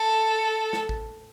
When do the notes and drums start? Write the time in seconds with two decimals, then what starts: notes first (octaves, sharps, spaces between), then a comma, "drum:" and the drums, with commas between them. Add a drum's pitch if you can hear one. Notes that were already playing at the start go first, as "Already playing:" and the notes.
Already playing: A4
0.73 drum: snare
0.89 drum: kick G#1